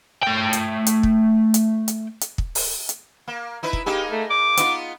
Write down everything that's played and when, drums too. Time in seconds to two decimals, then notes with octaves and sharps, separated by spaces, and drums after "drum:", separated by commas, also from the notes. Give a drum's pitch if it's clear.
0.23 A3 G5
0.53 drum: hi-hat
0.87 drum: hi-hat
1.03 drum: kick
1.54 drum: hi-hat
1.88 drum: hi-hat
2.21 drum: hi-hat
2.38 drum: kick
2.55 drum: open hi-hat
2.89 drum: hi-hat
3.28 A#3
3.63 D#4 E4 B4
3.73 drum: kick
3.86 A#3 D#4 G4 G#4
4.12 A3
4.30 D6
4.57 B3 D#4 F4, drum: hi-hat